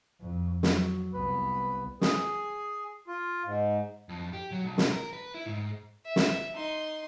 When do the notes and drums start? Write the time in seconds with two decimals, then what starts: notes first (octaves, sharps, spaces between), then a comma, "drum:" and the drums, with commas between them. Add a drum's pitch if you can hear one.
0.20 F2
0.63 F#3, drum: snare
1.14 C2 B3 B4
2.01 G#4, drum: snare
3.07 F4
3.45 G#2
4.09 F2
4.33 G4
4.52 F#3
4.64 B1
4.78 drum: snare
4.92 A#4
5.13 B4
5.34 E4
5.46 G#2
6.06 E5
6.16 drum: snare
6.54 D#4 C6